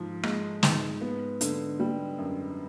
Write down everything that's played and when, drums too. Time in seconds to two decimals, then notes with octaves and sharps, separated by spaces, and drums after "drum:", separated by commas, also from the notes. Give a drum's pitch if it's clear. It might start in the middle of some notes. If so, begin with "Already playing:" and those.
Already playing: G#2 F3
0.23 G#3, drum: rim click
0.63 G#2, drum: snare
1.01 B3
1.41 D3, drum: hi-hat
1.80 G3
2.19 F#2